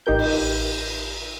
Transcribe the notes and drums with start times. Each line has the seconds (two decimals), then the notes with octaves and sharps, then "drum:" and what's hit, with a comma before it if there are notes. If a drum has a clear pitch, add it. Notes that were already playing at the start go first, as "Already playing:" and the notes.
0.06 A1 D#4 G4 A#4 G6
0.19 drum: cymbal